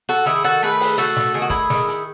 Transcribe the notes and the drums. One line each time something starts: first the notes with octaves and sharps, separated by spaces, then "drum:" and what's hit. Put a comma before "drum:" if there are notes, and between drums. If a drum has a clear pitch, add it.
F#4 A4
D#3 E4 G#4
F#4 A4
A3 G#4 B4
drum: open hi-hat
A3 F#4 A4
drum: snare
D#3 G#4
F#4
E4 G#4, drum: kick, hi-hat
D#3, drum: snare
drum: hi-hat